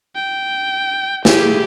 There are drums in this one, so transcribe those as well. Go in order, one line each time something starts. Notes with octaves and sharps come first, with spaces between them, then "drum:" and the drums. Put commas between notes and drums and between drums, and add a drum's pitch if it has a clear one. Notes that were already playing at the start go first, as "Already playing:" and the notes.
G5
A#3 E4 G4 G#4, drum: snare